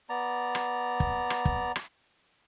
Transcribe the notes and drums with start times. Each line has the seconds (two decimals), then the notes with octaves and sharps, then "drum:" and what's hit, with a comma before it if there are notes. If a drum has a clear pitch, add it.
0.09 B3 D5 A#5
0.55 drum: rim click
1.00 drum: kick
1.30 drum: rim click
1.45 drum: kick
1.76 drum: rim click